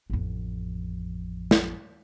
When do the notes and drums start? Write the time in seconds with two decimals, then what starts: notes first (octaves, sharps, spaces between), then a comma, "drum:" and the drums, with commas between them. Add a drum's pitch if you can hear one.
0.10 A1 F2
1.51 drum: snare